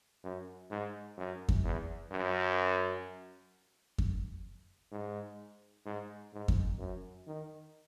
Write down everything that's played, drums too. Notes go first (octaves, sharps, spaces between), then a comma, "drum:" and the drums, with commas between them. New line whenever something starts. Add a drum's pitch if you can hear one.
F#2
G#2
F#2
drum: kick F2
E2
F#2
drum: kick F2
G#2
G#2
G#2
drum: kick F2
F#2
D#3